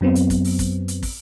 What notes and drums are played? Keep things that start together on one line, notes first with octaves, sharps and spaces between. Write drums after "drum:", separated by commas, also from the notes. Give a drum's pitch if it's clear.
F#2 F#3 B3 C4
drum: hi-hat
drum: kick, hi-hat
drum: open hi-hat
drum: kick, hi-hat
drum: hi-hat
drum: kick, open hi-hat